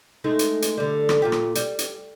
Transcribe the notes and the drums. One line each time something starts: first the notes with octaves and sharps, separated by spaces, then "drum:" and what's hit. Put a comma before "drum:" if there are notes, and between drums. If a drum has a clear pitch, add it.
G#3 A3 D#4
drum: hi-hat
drum: hi-hat
D3 G3
drum: rim click
A#2 F4 G4
drum: rim click
G3, drum: hi-hat
drum: hi-hat